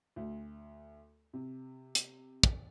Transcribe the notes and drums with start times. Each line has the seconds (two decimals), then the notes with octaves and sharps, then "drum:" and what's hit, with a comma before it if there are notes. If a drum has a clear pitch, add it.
0.16 D2
1.33 C3
1.95 drum: hi-hat
2.43 drum: kick